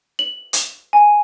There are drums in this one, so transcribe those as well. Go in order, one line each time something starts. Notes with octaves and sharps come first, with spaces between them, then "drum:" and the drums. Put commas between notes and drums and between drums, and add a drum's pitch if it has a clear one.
F#7
drum: hi-hat
G#5